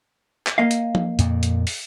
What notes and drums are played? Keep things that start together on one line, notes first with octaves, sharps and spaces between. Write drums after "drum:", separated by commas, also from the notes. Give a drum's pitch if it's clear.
drum: clap
A#3 D#5 F5
drum: hi-hat
drum: tom F3
F2 A#2, drum: hi-hat
drum: hi-hat
drum: open hi-hat